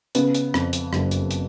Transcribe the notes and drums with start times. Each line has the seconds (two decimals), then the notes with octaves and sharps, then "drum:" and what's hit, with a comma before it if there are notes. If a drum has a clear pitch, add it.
0.15 C#3 B3, drum: hi-hat
0.34 drum: hi-hat
0.54 F2, drum: rim click
0.73 drum: hi-hat
0.93 F#1, drum: rim click
1.11 drum: hi-hat
1.31 drum: hi-hat